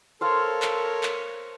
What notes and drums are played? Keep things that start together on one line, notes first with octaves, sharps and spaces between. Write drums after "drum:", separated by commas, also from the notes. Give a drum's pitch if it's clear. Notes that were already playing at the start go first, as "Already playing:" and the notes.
A4 A#4 C5 C#5 F5 C6
drum: clap
drum: clap